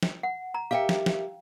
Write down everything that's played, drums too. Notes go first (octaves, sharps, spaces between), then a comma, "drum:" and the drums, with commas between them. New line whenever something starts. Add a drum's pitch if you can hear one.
drum: snare
F#5
A#5
G4 A#4 E5 F5 G5
drum: snare
drum: snare